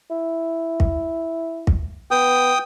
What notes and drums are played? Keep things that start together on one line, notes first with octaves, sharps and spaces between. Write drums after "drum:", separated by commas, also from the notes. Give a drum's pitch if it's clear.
E4
drum: kick
drum: kick
B3 G5 D#6